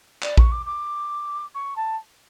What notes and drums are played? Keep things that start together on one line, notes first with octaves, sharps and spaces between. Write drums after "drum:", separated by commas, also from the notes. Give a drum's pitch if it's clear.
D5, drum: clap
C#6, drum: kick A#1
D6
D6
C#6
A5